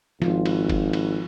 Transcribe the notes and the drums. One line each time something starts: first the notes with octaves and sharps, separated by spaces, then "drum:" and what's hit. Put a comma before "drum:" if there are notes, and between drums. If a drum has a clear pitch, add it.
G#1 F3 F4, drum: snare
drum: cymbal
drum: kick F1, cymbal
drum: cymbal